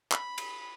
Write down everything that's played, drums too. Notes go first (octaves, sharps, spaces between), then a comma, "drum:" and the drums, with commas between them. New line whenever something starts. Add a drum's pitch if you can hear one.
B5, drum: clap
drum: cymbal